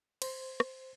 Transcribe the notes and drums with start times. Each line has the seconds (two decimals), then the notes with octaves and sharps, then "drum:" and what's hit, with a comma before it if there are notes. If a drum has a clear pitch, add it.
0.22 C5, drum: cymbal
0.60 drum: rim click